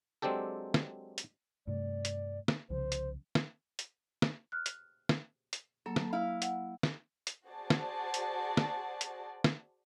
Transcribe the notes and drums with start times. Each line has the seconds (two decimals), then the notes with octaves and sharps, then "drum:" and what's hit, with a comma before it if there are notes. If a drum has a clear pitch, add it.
0.22 F#3 G#3 C4 D4 G4 A4
0.74 drum: snare
1.18 drum: hi-hat
1.67 G2 C3 A3 D5
2.05 drum: hi-hat
2.48 drum: snare
2.70 C2 C#3 F3 C5
2.92 drum: hi-hat
3.35 drum: snare
3.79 drum: hi-hat
4.22 drum: snare
4.52 F6 F#6
4.66 drum: hi-hat
5.09 drum: snare
5.53 drum: hi-hat
5.86 F#3 A#3 A4
5.96 drum: snare
6.13 E4 F5
6.42 F#5, drum: hi-hat
6.83 drum: snare
7.27 drum: hi-hat
7.48 F#4 G#4 C5 D5 A5
7.70 drum: snare
8.14 drum: hi-hat
8.57 drum: snare
9.01 drum: hi-hat
9.44 drum: snare